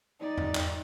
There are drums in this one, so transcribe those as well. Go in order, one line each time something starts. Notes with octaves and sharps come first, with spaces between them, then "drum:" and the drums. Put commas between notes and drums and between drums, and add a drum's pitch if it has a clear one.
D#4 D5
drum: tom E2
drum: clap